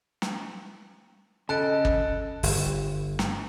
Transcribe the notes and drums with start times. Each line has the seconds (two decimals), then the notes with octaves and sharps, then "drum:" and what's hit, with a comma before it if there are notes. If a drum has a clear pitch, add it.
0.22 drum: snare
1.49 C#3 A4 D#5 A5 F#6 D7
1.85 drum: kick
2.43 G1, drum: open hi-hat
3.19 drum: snare